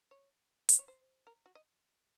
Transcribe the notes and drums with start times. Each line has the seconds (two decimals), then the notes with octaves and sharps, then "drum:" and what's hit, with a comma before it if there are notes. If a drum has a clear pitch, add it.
0.11 C#5
0.69 C5, drum: hi-hat
0.79 C#5
0.88 C5
1.27 A#4
1.46 F#4
1.55 D#5